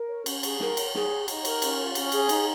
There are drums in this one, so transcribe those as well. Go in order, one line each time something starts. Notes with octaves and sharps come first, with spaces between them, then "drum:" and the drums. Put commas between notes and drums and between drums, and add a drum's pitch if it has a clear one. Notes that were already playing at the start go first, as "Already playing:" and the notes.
Already playing: A#4
C#5
C#4, drum: cymbal
G#4, drum: cymbal
A#4, drum: snare
C#5, drum: cymbal
G#4, drum: snare
C#5
D#4, drum: cymbal
A#4, drum: cymbal
C#4, drum: cymbal
F4
C#4, drum: cymbal
G#4, drum: cymbal
D#4, drum: cymbal